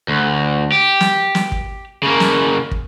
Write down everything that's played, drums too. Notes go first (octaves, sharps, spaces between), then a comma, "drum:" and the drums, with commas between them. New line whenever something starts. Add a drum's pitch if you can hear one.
D2
G4
drum: snare
drum: snare
drum: kick
C#3 A#3
drum: snare
drum: kick